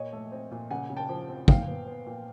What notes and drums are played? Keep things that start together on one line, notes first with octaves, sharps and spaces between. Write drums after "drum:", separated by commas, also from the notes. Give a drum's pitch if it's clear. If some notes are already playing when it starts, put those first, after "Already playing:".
Already playing: A#2 C#5 D#5
A3
C4
A#2
C#3 F#5 G#5
C#3
G5 A5
F3
C4
A#2 F5 G5, drum: kick
B3
B3
A#2